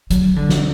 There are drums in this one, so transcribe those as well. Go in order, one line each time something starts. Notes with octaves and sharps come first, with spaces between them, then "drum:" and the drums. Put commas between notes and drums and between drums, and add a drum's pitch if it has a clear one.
F#3, drum: hi-hat
F#3
D3
drum: snare